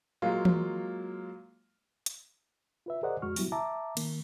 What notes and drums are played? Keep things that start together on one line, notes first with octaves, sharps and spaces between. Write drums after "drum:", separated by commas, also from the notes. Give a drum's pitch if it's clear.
F#3 G#3 A#3 F4
drum: tom E3
drum: hi-hat
F4 B4 E5
G#4 A#4 C5 D5 D#5 F#5
F2 G#3 F#4 C#6 F6
F#3 G3 B3 E4 F#4, drum: open hi-hat
E5 A5 A#5 D6
D#3 A#3, drum: cymbal